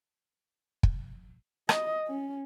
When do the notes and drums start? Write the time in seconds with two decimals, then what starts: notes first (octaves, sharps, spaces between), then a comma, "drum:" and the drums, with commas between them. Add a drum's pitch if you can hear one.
0.83 drum: kick
1.69 D#5, drum: rim click
2.07 C#4